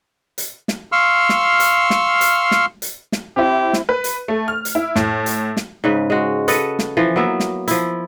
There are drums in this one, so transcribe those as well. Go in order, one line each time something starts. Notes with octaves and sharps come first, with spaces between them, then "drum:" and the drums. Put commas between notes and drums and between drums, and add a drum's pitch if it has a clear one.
drum: hi-hat
drum: snare
F5 C6 C#6 E6 F6
drum: snare
drum: hi-hat
drum: snare
drum: hi-hat
drum: snare
drum: hi-hat
drum: snare
C4 E4 G4
drum: snare
B4
drum: hi-hat
A3
F6
drum: hi-hat
E4
A2, drum: snare
drum: hi-hat
drum: snare
G#2 C#3 B4
G#3 F#4
A4 B4 D#5 F#5, drum: hi-hat
drum: snare
E3 F3
F#3 A#3 B3 E5
drum: snare
F3 E4, drum: hi-hat